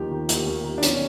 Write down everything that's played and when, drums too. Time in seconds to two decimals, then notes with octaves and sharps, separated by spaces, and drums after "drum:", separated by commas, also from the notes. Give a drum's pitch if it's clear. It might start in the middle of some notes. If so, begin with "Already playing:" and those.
Already playing: D#2 D#3 F3 G4
0.11 D#3
0.29 D#2, drum: hi-hat
0.47 D#2
0.64 D#3
0.78 D4
0.82 B1 C#4, drum: hi-hat